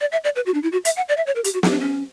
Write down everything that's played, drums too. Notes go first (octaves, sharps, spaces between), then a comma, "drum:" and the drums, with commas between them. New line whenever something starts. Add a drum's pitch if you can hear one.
D5
E5
D5
B4
F#4
D4
E4
F#4
E5, drum: hi-hat
F#5
D5
E5
C#5
A#4
G4, drum: hi-hat
F#4
E4, drum: snare
D4
C#4